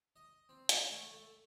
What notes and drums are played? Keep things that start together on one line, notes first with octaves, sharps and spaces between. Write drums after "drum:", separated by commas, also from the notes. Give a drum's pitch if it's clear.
D#5
C4
A#5, drum: hi-hat
A3
A3